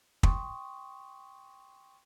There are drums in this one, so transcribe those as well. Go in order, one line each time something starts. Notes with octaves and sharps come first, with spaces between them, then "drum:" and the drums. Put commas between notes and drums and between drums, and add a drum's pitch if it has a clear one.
G5 C6 C#6 D#6, drum: kick